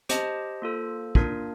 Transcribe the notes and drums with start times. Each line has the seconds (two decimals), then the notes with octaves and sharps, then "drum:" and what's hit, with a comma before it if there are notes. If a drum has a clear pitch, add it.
0.09 G4 C5 D#5 A5, drum: hi-hat
0.62 A#3 F4 A4 C5
1.15 A#3 D4 F4 A#4, drum: kick